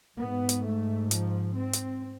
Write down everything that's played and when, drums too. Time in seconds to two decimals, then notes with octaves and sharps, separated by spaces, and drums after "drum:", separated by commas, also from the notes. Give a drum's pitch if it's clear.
0.18 G#2 B3
0.49 drum: hi-hat
0.64 A3
1.11 F3, drum: hi-hat
1.57 C4
1.73 drum: hi-hat